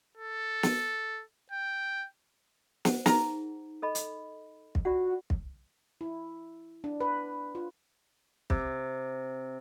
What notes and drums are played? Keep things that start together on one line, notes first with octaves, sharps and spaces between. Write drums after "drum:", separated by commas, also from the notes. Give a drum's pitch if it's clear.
A4
drum: snare
G5
C5 F#5, drum: snare
D#4 G#4 A#4 A#5, drum: snare
A4 D#5 B5
drum: hi-hat
drum: kick
F4 F#4 D5 F#5
drum: kick
E4
D4
B4
F4
C3, drum: kick